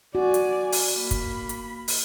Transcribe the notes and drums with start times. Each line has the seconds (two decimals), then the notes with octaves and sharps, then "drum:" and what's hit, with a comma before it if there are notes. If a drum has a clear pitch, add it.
0.15 F#4 D5 G#5
0.34 drum: hi-hat
0.72 drum: open hi-hat
0.97 A#3 B5
1.11 drum: kick, hi-hat
1.49 drum: hi-hat
1.88 drum: open hi-hat